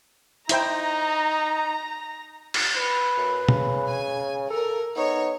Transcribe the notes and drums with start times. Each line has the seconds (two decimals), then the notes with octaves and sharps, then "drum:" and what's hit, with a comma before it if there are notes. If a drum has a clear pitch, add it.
0.49 D#4 E4 C5 G5 A#5, drum: hi-hat
2.54 drum: cymbal
2.76 B4
3.17 F#2
3.48 C#3, drum: tom
3.86 G#5
4.50 A4 A#4
4.97 B3 D#4 C#5